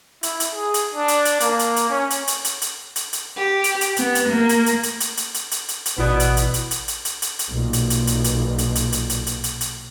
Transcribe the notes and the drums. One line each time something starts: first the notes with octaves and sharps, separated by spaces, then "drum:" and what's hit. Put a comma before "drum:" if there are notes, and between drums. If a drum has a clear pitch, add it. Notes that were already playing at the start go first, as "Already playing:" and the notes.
E4, drum: hi-hat
drum: hi-hat
G#4
drum: hi-hat
D4
drum: hi-hat
drum: hi-hat
A#3, drum: hi-hat
drum: hi-hat
drum: hi-hat
C#4
drum: hi-hat
drum: hi-hat
drum: hi-hat
drum: hi-hat
drum: hi-hat
drum: hi-hat
G4
drum: hi-hat
drum: hi-hat
B3, drum: hi-hat
drum: hi-hat
A#3
drum: hi-hat
drum: hi-hat
drum: hi-hat
drum: hi-hat
drum: hi-hat
drum: hi-hat
drum: hi-hat
drum: hi-hat
drum: hi-hat
A1 B2 B3 E4 D5
drum: hi-hat
drum: hi-hat
drum: hi-hat
drum: hi-hat
drum: hi-hat
drum: hi-hat
drum: hi-hat
drum: hi-hat
B1 A#2
drum: hi-hat
drum: hi-hat
drum: hi-hat
drum: hi-hat
drum: hi-hat
drum: hi-hat
drum: hi-hat
drum: hi-hat
drum: hi-hat
drum: hi-hat
drum: hi-hat